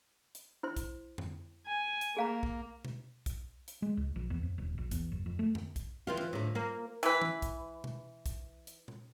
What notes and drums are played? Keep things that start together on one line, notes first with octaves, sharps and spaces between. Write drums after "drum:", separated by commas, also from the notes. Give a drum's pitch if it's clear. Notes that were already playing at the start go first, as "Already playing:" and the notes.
drum: hi-hat
E4 C5 C6
drum: kick, hi-hat
drum: tom F2
G#5
drum: hi-hat
A#3 G#4 F5 A#5
drum: kick
drum: tom B2
drum: kick, hi-hat
drum: hi-hat
G#3
C#2
A#1
E2
F2
D#1
A#1
E2, drum: kick, hi-hat
F#1
F2
A3
drum: tom F2
drum: kick, hi-hat
E3 C4 F4
drum: tom D#3
A2 D3
A#3
E3 B4, drum: hi-hat
drum: tom D#3
drum: kick, hi-hat
drum: tom B2
drum: kick, hi-hat
drum: hi-hat
drum: tom A#2